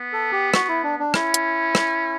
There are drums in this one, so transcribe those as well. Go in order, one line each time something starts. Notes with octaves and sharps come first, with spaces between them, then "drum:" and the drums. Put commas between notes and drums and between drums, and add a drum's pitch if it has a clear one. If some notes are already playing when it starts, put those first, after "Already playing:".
Already playing: B3
A4
G4
F#4, drum: rim click
E4
D4
D4
C#4 E4, drum: rim click
drum: hi-hat
drum: rim click